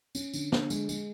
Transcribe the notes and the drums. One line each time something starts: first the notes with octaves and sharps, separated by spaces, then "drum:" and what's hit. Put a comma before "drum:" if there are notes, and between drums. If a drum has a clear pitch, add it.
C#4, drum: tambourine
D3, drum: tambourine
D3, drum: snare
G#3, drum: tambourine
G#3, drum: tambourine